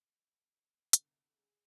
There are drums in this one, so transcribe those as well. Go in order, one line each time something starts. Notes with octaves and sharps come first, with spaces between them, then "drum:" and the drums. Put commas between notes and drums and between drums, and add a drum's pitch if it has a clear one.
C2 D3 B3, drum: hi-hat
G#4